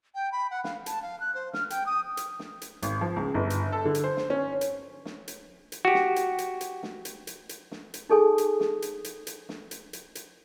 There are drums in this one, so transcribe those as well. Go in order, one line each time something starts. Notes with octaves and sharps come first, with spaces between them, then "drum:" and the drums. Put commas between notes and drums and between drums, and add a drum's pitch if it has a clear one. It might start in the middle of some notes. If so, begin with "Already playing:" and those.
G5
B5
F#5
F5, drum: snare
A5, drum: hi-hat
F5
F#6
C5
F6, drum: snare
G5, drum: hi-hat
D#6
drum: hi-hat
drum: snare
drum: hi-hat
G#1, drum: hi-hat
F3
C#2
G1
drum: hi-hat
A4
D3
drum: hi-hat
C5
drum: snare
C#4
drum: hi-hat
drum: snare
drum: hi-hat
drum: hi-hat
F#4 G4
drum: snare
drum: hi-hat
drum: hi-hat
drum: hi-hat
drum: snare
drum: hi-hat
drum: hi-hat
drum: hi-hat
drum: snare
drum: hi-hat
D#4 G#4 A4 G#5
drum: hi-hat
drum: snare
drum: hi-hat
drum: hi-hat
drum: hi-hat
drum: snare
drum: hi-hat
drum: hi-hat
drum: hi-hat